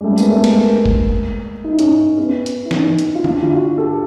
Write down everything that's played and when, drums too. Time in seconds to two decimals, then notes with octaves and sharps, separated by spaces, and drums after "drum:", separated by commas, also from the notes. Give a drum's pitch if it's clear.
0.01 G#3
0.04 G3 A3
0.13 B3
0.18 G#3 A#3, drum: tambourine
0.31 A3 B3
0.44 G#3 A#3, drum: cymbal
0.86 drum: kick
1.64 D#4
1.72 E4
1.79 C#4 D#4, drum: hi-hat
2.18 B3 C#4
2.46 drum: hi-hat
2.65 E4
2.71 C#4 D#4, drum: snare
2.99 drum: hi-hat
3.15 F4
3.24 D4 E4, drum: tom D3
3.42 F4
3.51 E4 F#4
3.78 G4 A4